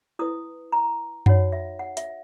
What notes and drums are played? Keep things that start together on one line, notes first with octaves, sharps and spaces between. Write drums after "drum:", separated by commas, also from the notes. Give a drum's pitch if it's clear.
E4 B4 D#6
A#5
D#4 F#4 C#5 F#5, drum: tom F#2
E5
F#5
E5, drum: hi-hat